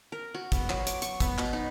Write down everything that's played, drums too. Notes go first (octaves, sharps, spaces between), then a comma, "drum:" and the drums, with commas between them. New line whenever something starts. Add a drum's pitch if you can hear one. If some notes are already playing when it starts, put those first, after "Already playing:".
A#4
F#4
B3, drum: kick, hi-hat
F#3, drum: clap
D6, drum: hi-hat
C#6, drum: hi-hat
B3, drum: kick, hi-hat
B2, drum: clap
D#4